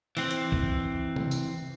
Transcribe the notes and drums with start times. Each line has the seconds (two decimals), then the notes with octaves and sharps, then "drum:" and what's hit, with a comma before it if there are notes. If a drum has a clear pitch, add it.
0.17 E3 C4, drum: open hi-hat
0.31 drum: hi-hat
0.52 drum: kick B1
1.16 drum: tom C3
1.31 drum: tambourine